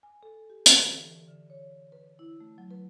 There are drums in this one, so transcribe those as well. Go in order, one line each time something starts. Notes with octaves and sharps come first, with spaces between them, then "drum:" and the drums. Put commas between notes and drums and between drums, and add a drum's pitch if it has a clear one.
G#5
A4
G4
D3, drum: hi-hat
E3
D3
C#5
B4
E4
A3
F#3
B4